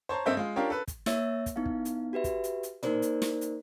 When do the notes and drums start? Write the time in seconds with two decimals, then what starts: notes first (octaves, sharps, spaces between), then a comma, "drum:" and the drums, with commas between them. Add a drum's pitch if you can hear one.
0.09 C5 C#5 A5 A#5 C6
0.26 G2 C4 A4 D#5 E5 G6
0.37 G#3 F4
0.56 D4 F4 G4 A#4 C#5
0.70 A4 B4
0.88 drum: kick, hi-hat
1.06 A#3 C#5 E5 E6 A6, drum: snare
1.46 drum: kick, hi-hat
1.56 B3 D#4 E4 F5
1.66 drum: kick
1.85 drum: hi-hat
2.13 F#4 G4 B4 E5
2.24 drum: kick, hi-hat
2.44 drum: hi-hat
2.63 drum: hi-hat
2.83 A#3 D#4 A#4 C5 D5, drum: tom
3.02 drum: hi-hat
3.22 drum: snare
3.41 drum: hi-hat